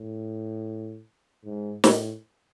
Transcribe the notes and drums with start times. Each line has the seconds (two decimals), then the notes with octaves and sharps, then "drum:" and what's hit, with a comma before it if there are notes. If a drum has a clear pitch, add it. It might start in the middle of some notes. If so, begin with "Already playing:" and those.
Already playing: A2
1.45 G#2
1.84 A2, drum: snare